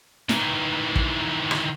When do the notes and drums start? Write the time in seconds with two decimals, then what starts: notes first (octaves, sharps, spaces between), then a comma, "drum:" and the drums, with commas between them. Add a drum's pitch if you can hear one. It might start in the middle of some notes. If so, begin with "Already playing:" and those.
0.29 D#3 E3, drum: snare
0.96 drum: kick
1.51 drum: rim click